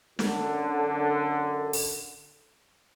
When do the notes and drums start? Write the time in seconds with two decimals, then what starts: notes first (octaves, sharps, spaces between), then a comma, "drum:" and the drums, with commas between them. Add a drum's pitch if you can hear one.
0.19 F#2 D3, drum: snare
1.73 drum: open hi-hat